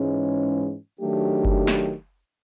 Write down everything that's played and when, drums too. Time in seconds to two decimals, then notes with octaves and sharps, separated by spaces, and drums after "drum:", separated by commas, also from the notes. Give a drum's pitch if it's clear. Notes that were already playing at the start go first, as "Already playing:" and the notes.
Already playing: G#2 E3 G#3 C#4
1.01 D#3 F#3 A3 D4 G4
1.45 drum: kick F#1
1.67 drum: snare